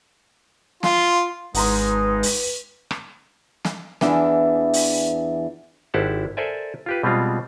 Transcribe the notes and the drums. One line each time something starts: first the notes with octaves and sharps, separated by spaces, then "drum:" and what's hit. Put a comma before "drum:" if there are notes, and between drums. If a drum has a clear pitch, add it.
F4, drum: snare
G#1 G#3 D#4 B4 F#5 A#5 C6, drum: open hi-hat
drum: open hi-hat
drum: rim click
drum: snare
E2 E3 D4 E5, drum: snare
drum: open hi-hat
G#1 E4 G4 C5 F#5 A5
A4 A#4 C5 D5 E5 G#5
F4 G4 B4
B2 G3 G#3 C4 F4